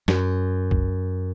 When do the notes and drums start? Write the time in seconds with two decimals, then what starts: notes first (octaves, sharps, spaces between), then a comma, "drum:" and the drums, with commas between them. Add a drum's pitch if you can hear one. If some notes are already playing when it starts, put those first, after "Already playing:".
0.08 F#2, drum: snare
0.71 drum: kick B1